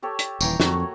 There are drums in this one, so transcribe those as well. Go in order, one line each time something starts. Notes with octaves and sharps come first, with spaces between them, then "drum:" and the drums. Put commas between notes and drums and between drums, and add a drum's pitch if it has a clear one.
G4 A4 C#5
drum: hi-hat
D#1 E3 C#5 G5 A#5, drum: tambourine
F2 A3 A#3 F#4, drum: snare